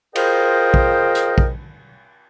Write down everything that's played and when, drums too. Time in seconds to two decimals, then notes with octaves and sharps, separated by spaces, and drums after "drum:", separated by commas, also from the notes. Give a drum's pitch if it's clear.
0.16 F4 G#4 A#4 C5 D#5 G5, drum: cymbal
0.74 drum: kick
1.15 drum: hi-hat
1.38 drum: kick